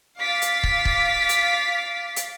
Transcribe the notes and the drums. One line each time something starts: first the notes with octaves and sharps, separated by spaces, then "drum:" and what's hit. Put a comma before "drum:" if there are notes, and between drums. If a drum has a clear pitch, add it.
F5 D6 A6 B6
drum: hi-hat
drum: kick
drum: kick
drum: hi-hat
drum: hi-hat